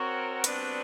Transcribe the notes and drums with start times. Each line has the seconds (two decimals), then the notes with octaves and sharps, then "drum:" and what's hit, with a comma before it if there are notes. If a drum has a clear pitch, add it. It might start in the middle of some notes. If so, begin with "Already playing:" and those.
Already playing: C4 F#4 A#4 C#5
0.44 G3 B3 D4 F#4 B4, drum: hi-hat